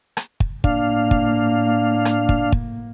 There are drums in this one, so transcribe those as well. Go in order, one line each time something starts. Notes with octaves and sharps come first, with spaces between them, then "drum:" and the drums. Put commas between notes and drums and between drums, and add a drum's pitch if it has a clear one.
drum: rim click
drum: kick
A2 A#3 D4 F5, drum: kick
drum: kick
drum: rim click
drum: kick
drum: kick